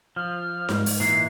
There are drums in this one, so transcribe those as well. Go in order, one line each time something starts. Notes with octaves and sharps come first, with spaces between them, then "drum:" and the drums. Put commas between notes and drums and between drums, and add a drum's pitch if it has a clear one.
F3 F6
G#2, drum: snare D#4
drum: open hi-hat
A#2 E3 G#3 C7